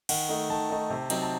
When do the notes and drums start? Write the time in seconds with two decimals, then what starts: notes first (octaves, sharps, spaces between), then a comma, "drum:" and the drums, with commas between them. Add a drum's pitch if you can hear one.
0.09 D#3 F#5, drum: cymbal
0.29 A3 D#4
0.50 D#3 A5
0.70 A3 D#4
0.90 C3
1.10 F#3 C4 D#4, drum: cymbal
1.22 A5